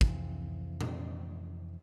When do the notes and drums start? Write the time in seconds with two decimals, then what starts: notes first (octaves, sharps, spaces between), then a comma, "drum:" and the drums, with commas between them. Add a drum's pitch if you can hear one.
0.01 F2 C3 E3, drum: kick
0.81 drum: tom A#2